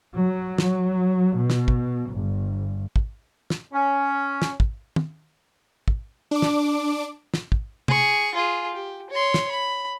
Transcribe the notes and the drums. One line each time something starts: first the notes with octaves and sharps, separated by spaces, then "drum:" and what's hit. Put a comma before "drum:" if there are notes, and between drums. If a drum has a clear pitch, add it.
F#3
drum: snare
B2
drum: snare
drum: kick
G1
drum: kick
drum: snare
C#4
drum: snare
drum: kick
drum: tom
drum: kick
D4 D6
drum: snare
drum: snare
drum: kick
G#4 C#6, drum: tom C3
F4 G#4
G4
C#5 C6
drum: snare
B5